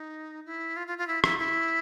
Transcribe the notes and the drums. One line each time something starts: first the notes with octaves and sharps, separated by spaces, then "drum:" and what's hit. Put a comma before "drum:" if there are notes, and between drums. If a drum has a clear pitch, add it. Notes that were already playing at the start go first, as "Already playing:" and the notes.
Already playing: D#4
E4
F4
F4
F4
E4
E4, drum: rim click
E4